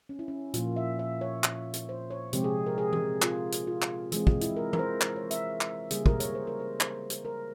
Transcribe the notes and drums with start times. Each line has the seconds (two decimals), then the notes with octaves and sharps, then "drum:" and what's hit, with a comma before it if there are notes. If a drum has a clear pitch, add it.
0.09 C#4
0.19 E4
0.28 C#4
0.54 A#2 F3 A#3 F4, drum: hi-hat
0.76 E5
0.99 E5
1.21 C#5
1.44 drum: clap
1.73 drum: hi-hat
1.89 C5
2.11 C#5
2.33 C3 F3 G#3 C4 G4, drum: hi-hat
2.44 G#4
2.66 A#4
2.78 G#4
2.93 drum: tom E3
3.22 F4, drum: clap
3.52 drum: hi-hat
3.67 F4
3.82 drum: clap
4.12 E3 G#3 C4 G#4, drum: hi-hat
4.27 drum: kick
4.41 E4, drum: hi-hat
4.57 A#4
4.73 A#4, drum: tom E3
4.79 C5
5.01 drum: clap
5.16 C#5
5.31 E5, drum: hi-hat
5.61 drum: clap
5.90 C#3 G3 A#3 G#4, drum: hi-hat
6.06 A#4, drum: kick
6.20 C#5, drum: hi-hat
6.35 C5
6.47 A#4
6.60 C5
6.80 C5, drum: clap
7.10 drum: hi-hat
7.25 A#4